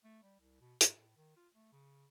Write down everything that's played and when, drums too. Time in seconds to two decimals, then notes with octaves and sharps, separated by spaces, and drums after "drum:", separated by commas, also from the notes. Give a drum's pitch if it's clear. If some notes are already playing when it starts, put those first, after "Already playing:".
0.04 A3
0.23 G3
0.40 C2
0.61 B2
0.81 G#2, drum: hi-hat
0.98 A2
1.17 D#3
1.37 F4
1.55 A3
1.72 C#3